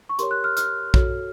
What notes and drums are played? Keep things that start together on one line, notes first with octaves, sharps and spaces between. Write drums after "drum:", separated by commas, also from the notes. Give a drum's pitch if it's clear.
C#6
G4 A#4 C#5 C6, drum: hi-hat
F#6
F6
F6, drum: hi-hat
F#4 A4 C#5, drum: kick